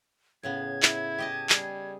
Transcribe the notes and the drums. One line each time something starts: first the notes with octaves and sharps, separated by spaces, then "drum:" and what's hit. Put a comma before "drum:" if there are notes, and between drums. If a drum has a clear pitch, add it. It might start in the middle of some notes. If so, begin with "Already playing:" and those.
A2 C#3 B3 G#6
E4, drum: clap
G4 D#5 A5
G3 G#4, drum: clap